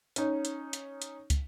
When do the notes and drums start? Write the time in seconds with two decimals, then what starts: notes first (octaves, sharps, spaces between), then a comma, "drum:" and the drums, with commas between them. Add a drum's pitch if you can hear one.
0.16 C#4 D#4, drum: hi-hat
0.45 drum: hi-hat
0.73 drum: hi-hat
1.02 drum: hi-hat
1.30 drum: kick, hi-hat